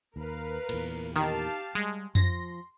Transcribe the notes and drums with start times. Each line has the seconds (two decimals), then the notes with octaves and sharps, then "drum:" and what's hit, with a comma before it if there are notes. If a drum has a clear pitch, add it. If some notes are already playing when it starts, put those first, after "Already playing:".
0.16 D#2 A#4 B4 F5
0.69 E2 A#2, drum: cymbal
1.16 D#3 G4 F5 A5, drum: open hi-hat
1.75 G3 G#3
2.15 F3 C6 A#6, drum: tom F2